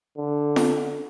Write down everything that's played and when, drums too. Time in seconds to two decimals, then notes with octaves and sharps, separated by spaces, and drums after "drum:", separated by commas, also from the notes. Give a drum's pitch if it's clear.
0.17 D3
0.56 drum: snare